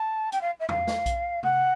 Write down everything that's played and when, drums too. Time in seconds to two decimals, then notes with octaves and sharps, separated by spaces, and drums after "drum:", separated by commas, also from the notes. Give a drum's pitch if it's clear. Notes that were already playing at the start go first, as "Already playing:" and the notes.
Already playing: A5
0.32 G5, drum: hi-hat
0.41 F5
0.60 E5
0.69 F5, drum: tom
0.87 drum: snare
1.06 drum: kick A#1, hi-hat
1.43 F#5, drum: tom C3